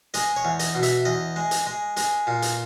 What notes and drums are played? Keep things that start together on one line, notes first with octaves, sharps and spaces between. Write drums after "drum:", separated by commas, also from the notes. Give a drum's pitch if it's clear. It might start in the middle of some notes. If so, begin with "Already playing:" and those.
G#3 D#5, drum: hi-hat
C#5
E2
D#5, drum: hi-hat
B2
E5, drum: hi-hat
E2 D#5
G#3
drum: hi-hat
G#3
G#3, drum: hi-hat
A#2
drum: hi-hat